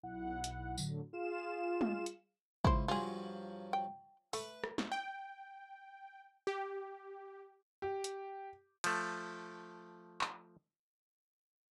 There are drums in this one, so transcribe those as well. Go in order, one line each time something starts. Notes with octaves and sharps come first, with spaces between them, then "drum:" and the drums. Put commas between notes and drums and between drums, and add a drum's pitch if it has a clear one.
B1 E4 F#5
drum: hi-hat
A2 D3 F#3, drum: tambourine
F4 G#4 F5 E7
drum: tom
drum: hi-hat
C#2 E4 C5, drum: kick
G2 F3 F#3 F4 G#4
G5
A3 B4, drum: open hi-hat
drum: rim click
drum: snare
G5
G4
G4
drum: hi-hat
F3 A3, drum: cymbal
drum: clap